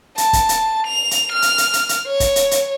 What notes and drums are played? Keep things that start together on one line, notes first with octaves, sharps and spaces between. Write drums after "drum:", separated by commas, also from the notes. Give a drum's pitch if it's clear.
A5, drum: hi-hat
drum: kick, hi-hat
drum: hi-hat
F7
drum: hi-hat
F6
drum: hi-hat
drum: hi-hat
drum: hi-hat
drum: hi-hat
C#5
drum: kick, hi-hat
drum: hi-hat
drum: hi-hat